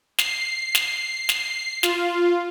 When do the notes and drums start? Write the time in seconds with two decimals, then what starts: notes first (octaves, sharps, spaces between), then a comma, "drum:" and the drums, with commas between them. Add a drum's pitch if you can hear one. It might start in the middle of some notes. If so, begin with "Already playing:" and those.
0.18 C7, drum: snare
0.75 drum: snare
1.29 drum: snare
1.83 F4, drum: snare